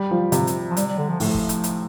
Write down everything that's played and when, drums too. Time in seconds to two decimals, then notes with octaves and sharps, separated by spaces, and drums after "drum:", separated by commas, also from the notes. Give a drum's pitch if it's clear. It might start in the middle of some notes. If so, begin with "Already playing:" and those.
Already playing: G3
0.11 F3
0.32 C3, drum: hi-hat
0.47 drum: hi-hat
0.70 F3
0.77 G3, drum: hi-hat
0.87 G3
0.98 D3
1.09 F3
1.20 A2 F3, drum: open hi-hat
1.34 drum: kick
1.49 drum: hi-hat
1.64 drum: hi-hat